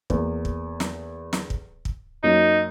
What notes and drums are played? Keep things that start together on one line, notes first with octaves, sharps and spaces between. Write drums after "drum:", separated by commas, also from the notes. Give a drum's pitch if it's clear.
E2 A#3, drum: kick
drum: kick
drum: snare
drum: snare
drum: kick
drum: kick
F#2 A#3 D#4